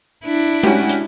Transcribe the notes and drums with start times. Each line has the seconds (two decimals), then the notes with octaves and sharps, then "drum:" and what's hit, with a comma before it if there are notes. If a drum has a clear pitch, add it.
0.24 D4 E4
0.63 C#4 F#4 G4, drum: tom G#3
0.89 drum: hi-hat